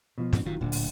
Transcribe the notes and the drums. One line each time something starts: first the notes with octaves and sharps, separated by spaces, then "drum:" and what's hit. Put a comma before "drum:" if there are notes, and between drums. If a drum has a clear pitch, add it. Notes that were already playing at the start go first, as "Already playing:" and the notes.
B2 F3
G2 C4, drum: snare D4
F1 F#2 A2 D#3 F#3 F4
D1 A#2 D3
drum: open hi-hat